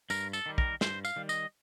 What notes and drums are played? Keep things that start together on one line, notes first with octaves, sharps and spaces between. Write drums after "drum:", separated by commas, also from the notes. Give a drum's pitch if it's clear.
G2 A#4, drum: tambourine
A4, drum: tambourine
D#3 G3
A#4, drum: kick
G2 C5, drum: snare
F5, drum: tambourine
D#3 G3
D#5, drum: tambourine